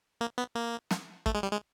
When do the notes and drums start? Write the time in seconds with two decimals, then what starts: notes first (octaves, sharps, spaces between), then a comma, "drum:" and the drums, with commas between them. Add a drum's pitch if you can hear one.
0.21 A#3
0.38 B3
0.55 A#3
0.91 drum: snare
1.26 A3, drum: kick
1.35 G#3
1.43 G3
1.52 G#3